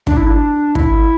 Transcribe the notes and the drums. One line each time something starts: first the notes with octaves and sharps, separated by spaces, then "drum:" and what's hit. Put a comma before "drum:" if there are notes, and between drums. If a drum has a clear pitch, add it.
D4, drum: kick
E4
D4
E4, drum: kick